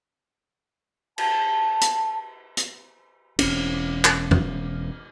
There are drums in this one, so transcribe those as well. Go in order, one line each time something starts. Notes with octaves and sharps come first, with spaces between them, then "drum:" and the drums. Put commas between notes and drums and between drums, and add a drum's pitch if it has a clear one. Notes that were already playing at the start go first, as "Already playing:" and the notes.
A5, drum: cymbal
drum: hi-hat
drum: hi-hat
E1 C4 C#4, drum: cymbal
drum: clap
drum: tom E2